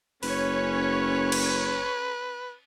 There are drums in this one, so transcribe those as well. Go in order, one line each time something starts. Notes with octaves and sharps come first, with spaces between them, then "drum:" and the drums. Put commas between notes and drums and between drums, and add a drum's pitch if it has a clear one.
F#1 C#4 B4 C#5, drum: open hi-hat
drum: cymbal